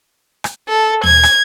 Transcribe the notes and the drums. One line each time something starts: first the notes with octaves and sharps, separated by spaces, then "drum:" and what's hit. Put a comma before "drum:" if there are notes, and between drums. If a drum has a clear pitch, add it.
drum: rim click
A4
G#6, drum: tom D#2
drum: rim click